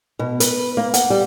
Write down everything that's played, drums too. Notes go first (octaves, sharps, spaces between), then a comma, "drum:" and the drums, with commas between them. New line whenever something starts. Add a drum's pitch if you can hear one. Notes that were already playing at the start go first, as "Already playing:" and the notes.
B2
B4, drum: hi-hat
A#3
F#5, drum: hi-hat
G3